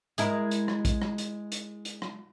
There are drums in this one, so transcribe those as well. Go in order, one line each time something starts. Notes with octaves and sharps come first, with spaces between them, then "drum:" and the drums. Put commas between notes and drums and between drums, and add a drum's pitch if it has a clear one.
G#3 E4 A#4, drum: hi-hat
drum: hi-hat
drum: rim click
drum: kick, hi-hat
drum: rim click
drum: hi-hat
drum: hi-hat
drum: hi-hat
drum: rim click